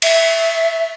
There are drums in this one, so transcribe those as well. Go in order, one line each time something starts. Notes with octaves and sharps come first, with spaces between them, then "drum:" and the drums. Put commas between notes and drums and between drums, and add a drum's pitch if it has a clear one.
E5, drum: cymbal